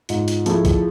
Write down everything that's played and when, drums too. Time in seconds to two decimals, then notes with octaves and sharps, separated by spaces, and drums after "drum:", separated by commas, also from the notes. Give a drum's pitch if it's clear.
0.09 G#2 F4, drum: hi-hat
0.28 drum: hi-hat
0.46 F3 A3 E4 G#4, drum: hi-hat
0.65 drum: kick, hi-hat